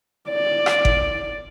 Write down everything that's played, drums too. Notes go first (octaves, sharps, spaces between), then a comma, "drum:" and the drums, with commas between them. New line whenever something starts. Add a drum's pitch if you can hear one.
D5
drum: rim click
drum: kick G1